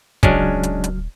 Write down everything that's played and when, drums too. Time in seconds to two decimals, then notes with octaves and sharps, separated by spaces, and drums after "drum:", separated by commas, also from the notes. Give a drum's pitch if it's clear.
0.23 D#1 C#2 F#3 G#3 C#4 D4 F6, drum: kick, hi-hat
0.63 drum: hi-hat
0.84 drum: hi-hat